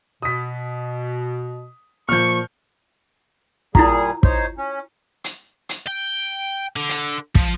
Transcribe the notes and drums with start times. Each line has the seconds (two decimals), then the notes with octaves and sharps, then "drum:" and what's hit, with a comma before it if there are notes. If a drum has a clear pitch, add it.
0.22 B2 D#6 B6
2.09 A#2 F3 C#6 F6 G6
3.75 A#2 G3 E4 F4 G#4 A#5, drum: kick
4.23 D#4 C5 C#5, drum: kick
4.58 C#4
5.24 drum: hi-hat
5.69 drum: hi-hat
5.87 G5
6.76 D3
6.89 drum: hi-hat
7.35 F3, drum: kick